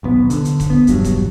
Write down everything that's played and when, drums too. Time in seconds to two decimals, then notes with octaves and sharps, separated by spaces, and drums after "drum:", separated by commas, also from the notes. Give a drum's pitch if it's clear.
0.03 D#1 B1 B3
0.30 D3, drum: hi-hat
0.45 drum: hi-hat
0.60 drum: kick E1, hi-hat
0.70 B3
0.87 E1 G2 F#3, drum: hi-hat
1.04 drum: kick E1, hi-hat